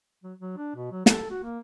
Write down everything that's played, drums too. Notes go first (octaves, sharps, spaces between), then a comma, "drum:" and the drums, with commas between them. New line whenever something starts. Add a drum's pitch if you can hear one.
F#3
F#3
D4
B2
F#3
A4, drum: snare
F#4
A#3